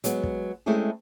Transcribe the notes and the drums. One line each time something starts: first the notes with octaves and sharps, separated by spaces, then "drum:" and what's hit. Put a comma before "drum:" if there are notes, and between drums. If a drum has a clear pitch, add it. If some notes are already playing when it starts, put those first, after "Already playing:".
F#3 G#3 B3, drum: hi-hat
drum: kick
G#3 A3 C4 C#4 E4 G#4